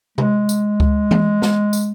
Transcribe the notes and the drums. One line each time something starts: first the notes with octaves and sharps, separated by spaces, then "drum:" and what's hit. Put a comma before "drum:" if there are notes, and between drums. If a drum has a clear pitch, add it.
G#3, drum: tom C3
drum: tambourine
drum: kick C#2
drum: tom E3
drum: snare
drum: tambourine